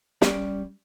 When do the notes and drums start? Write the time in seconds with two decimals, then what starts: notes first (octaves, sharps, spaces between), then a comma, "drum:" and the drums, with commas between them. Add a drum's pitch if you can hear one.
0.22 G3 C#4 D5, drum: snare